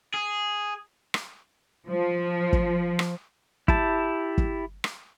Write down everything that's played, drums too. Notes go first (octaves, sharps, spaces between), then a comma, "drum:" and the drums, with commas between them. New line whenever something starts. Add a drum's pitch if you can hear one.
G#4
drum: rim click
F3
drum: kick
drum: rim click
E4 G4 A5, drum: kick
drum: kick
drum: rim click